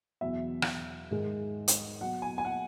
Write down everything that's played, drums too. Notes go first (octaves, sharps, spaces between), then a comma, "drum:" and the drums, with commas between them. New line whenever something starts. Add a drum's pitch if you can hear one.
E2 B2 F#3 E5
drum: rim click
G#2 D#3 G#3
drum: hi-hat
B2 F#3 F#5
G#5
G#5
F#5